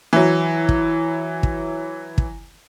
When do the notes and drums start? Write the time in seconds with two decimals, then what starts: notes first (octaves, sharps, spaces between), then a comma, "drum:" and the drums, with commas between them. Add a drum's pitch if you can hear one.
0.13 E3 F#3
0.69 drum: kick
1.43 drum: kick
2.18 drum: kick